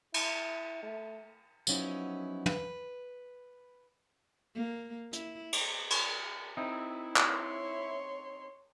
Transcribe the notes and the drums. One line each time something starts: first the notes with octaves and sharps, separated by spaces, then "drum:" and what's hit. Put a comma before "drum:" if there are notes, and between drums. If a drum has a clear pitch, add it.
E4, drum: cymbal
A3
F3 F#3 B3 C#4 D#4 E4, drum: tambourine
B4, drum: tom
A#3
E4, drum: hi-hat
drum: cymbal
drum: cymbal
C4 D#4 E4
drum: clap
C#5 C6